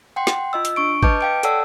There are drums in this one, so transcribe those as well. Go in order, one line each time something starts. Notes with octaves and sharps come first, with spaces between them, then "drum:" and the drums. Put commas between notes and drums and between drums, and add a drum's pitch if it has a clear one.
F#5 G5 C6
drum: snare
F4 D#5 E6
drum: hi-hat
D4 C#6 D7
B4 D#5 A5 D6 G6, drum: kick
F5 G5 D7
A4 C#5 D5 F#5 A5 E6, drum: hi-hat